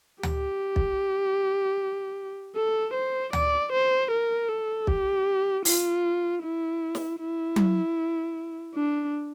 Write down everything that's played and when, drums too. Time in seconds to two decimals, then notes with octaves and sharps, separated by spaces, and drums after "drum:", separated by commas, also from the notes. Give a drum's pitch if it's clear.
0.23 G4, drum: tom D2
0.76 drum: kick
2.55 A4
2.94 C5
3.33 D5, drum: tom D2
3.72 C5
4.11 A#4
4.49 A4
4.87 G4, drum: kick
5.65 F4, drum: open hi-hat
6.43 E4
6.95 drum: snare
7.20 E4
7.56 drum: tom F#3
8.75 D4